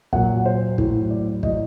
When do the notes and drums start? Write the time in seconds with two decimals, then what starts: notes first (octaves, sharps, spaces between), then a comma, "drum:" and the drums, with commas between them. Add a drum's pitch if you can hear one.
0.13 A#2 F#3 F#5, drum: kick
0.46 C5
0.78 A2 F#3, drum: kick
1.11 D5
1.43 A2 F#3 D#5, drum: kick